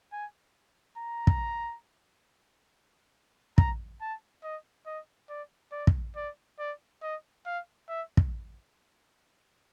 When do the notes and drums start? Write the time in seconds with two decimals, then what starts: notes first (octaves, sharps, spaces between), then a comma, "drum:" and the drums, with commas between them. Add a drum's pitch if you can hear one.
0.13 G#5
0.98 A#5
1.27 drum: kick
3.58 A#5, drum: kick
4.01 A5
4.43 D#5
4.86 D#5
5.29 D5
5.72 D5
5.87 drum: kick
6.16 D5
6.59 D5
7.03 D#5
7.46 F5
7.89 E5
8.17 drum: kick